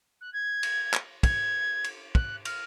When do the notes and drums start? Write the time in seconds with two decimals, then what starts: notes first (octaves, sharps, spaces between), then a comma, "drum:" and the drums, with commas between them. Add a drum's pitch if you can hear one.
0.21 F#6
0.33 G#6
0.63 drum: cymbal
0.93 drum: clap
1.23 G#6, drum: kick, cymbal
1.84 drum: cymbal
2.15 F#6, drum: kick
2.45 F6, drum: cymbal